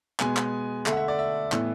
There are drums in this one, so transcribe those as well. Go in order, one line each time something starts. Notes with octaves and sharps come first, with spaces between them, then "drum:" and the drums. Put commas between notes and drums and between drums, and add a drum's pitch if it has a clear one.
B2 G#3 B3 G#5, drum: clap
drum: clap
D3 A3 E5, drum: clap
F#5
E5
D5
E5
A2 E3 B3, drum: clap